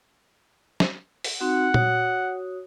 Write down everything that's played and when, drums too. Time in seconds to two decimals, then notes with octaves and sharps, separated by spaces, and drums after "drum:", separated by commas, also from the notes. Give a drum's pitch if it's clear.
0.80 drum: snare
1.24 drum: open hi-hat
1.41 C4 D#4 F#4 F#5
1.74 F#4 C#5 D#6, drum: tom A#2